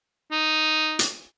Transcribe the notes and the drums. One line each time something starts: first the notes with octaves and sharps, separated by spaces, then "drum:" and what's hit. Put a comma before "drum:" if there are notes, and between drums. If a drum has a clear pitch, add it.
D#4
drum: hi-hat